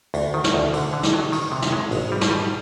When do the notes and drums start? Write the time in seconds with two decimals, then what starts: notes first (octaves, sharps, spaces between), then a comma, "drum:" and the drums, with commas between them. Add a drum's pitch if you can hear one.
0.14 D2, drum: open hi-hat
0.34 D#3
0.44 drum: snare
0.54 D2
0.73 D3, drum: open hi-hat
0.93 D3
1.03 drum: snare
1.13 F#3
1.32 D#3, drum: open hi-hat
1.52 C3
1.62 drum: snare
1.73 G#3
1.91 G#1, drum: open hi-hat
2.12 G3
2.21 drum: snare
2.31 G3